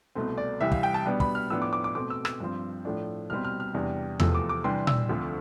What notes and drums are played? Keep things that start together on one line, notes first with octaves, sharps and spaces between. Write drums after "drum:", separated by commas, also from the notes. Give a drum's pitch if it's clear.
C2 B2 A3 C4
D5
C2 C3 E3 G3 E5
F5, drum: kick
G5
A5
B2 G3 B3 D4
B5, drum: kick
F6
A2 F3 B3 D4 E6
D6
D6
D6
B2 A3 C4 D6
E6
E6, drum: rim click
G2 F3 C4
A2 F3 A3 D4
C2 B2 G3 C4 F6
F6
F6
E2 C3 G3 D4
E2 C3 F3 A3 E6, drum: tom E2
D6
D6
C3 E3 G3 D4 C6
E6, drum: tom A#2
D2 D3 F3 C4